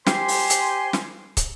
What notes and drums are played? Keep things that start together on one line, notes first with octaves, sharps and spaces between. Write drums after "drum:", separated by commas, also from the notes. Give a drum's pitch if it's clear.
G4 C5 G#5 C6, drum: snare
drum: open hi-hat
drum: hi-hat
drum: snare
drum: kick, hi-hat